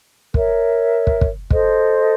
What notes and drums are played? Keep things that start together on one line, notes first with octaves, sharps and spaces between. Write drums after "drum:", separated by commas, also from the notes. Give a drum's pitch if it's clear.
A#4 C#5 E5, drum: kick
drum: kick
drum: kick
A4 C5 D#5, drum: kick